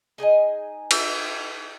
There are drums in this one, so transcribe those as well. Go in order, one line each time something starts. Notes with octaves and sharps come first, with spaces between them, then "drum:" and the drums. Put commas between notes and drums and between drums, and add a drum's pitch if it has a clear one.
D#4 G#4 D#5 G#5
drum: cymbal